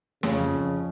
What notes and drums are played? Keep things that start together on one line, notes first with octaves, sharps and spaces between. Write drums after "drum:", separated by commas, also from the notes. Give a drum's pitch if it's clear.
F2 C#3, drum: snare
F2
F2